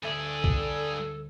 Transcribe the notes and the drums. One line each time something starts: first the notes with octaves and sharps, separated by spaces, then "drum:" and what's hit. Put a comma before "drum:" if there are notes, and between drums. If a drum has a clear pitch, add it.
D2 G2 A4 D5 E5 G#5 D#6
drum: kick B1